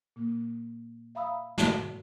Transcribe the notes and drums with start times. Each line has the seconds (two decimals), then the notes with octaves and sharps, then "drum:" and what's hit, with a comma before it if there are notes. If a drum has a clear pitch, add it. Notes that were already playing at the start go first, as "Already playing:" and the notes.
0.16 A#2 A#3
1.15 E5 F5 A#5 B5 D#6 E6
1.58 G#2 F#4 A5, drum: snare